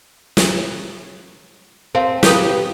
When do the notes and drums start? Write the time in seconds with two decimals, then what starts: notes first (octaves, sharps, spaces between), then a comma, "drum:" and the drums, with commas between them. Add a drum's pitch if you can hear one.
0.37 drum: snare
1.95 C4 F5 A5
2.23 E4 G4 B4 D#6, drum: snare